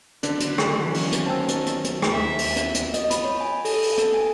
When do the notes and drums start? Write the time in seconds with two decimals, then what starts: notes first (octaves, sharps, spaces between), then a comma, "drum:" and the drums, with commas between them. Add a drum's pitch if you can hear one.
0.23 D3 D#3 F#3 D4, drum: hi-hat
0.40 drum: hi-hat
0.58 drum: rim click
0.85 E3 A#3 C#4
0.94 drum: open hi-hat
1.12 drum: hi-hat
1.26 C5 G5 A5 E6
1.48 drum: hi-hat
1.66 drum: hi-hat
1.84 drum: hi-hat
2.02 drum: rim click
2.12 D#2 E5
2.38 drum: open hi-hat
2.56 drum: hi-hat
2.74 drum: hi-hat
2.94 D#5, drum: hi-hat
3.10 B5, drum: hi-hat
3.25 C#5
3.41 G#5
3.65 A4, drum: open hi-hat
3.83 drum: open hi-hat
3.98 A4, drum: hi-hat
4.14 G#5